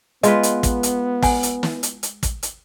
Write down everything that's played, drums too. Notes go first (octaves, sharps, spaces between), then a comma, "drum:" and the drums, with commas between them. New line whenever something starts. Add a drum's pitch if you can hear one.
G#3 B3 F4 B4 D#5, drum: hi-hat
drum: hi-hat
drum: kick, hi-hat
drum: hi-hat
F#5 G#5, drum: kick, open hi-hat
drum: hi-hat
drum: snare
drum: hi-hat
drum: hi-hat
drum: kick, hi-hat
drum: hi-hat